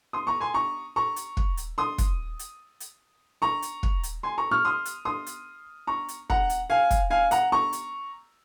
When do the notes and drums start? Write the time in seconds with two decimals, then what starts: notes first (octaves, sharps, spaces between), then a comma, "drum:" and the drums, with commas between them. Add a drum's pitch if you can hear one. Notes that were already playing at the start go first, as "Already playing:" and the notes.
0.13 C6 D#6
0.27 A#5 C#6
0.41 G#5 C6
0.54 A#5 C#6
0.96 A#5 C#6
1.16 drum: hi-hat
1.37 drum: kick
1.57 drum: hi-hat
1.78 C6 D#6
1.98 drum: kick, hi-hat
2.39 drum: hi-hat
2.80 drum: hi-hat
3.42 A#5 C#6
3.62 drum: hi-hat
3.83 drum: kick
4.03 drum: hi-hat
4.23 G#5 C6
4.38 A#5 C#6
4.51 C#6 F6
4.65 C6 D#6
4.85 drum: hi-hat
5.05 C6 D#6
5.26 drum: hi-hat
5.87 A#5 C#6
6.09 drum: hi-hat
6.30 F#5 A#5, drum: kick
6.50 drum: hi-hat
6.70 F5 G#5
6.91 drum: kick, hi-hat
7.10 F5 G#5
7.31 F#5 A#5, drum: hi-hat
7.52 A#5 C#6
7.73 drum: hi-hat